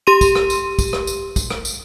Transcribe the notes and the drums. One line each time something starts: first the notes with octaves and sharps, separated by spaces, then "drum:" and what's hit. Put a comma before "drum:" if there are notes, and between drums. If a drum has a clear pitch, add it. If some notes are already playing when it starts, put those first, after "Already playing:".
G4 C6 D#7
drum: kick, tambourine
drum: rim click
drum: tambourine
drum: kick, tambourine
drum: rim click
drum: tambourine
drum: kick, tambourine
drum: rim click
drum: tambourine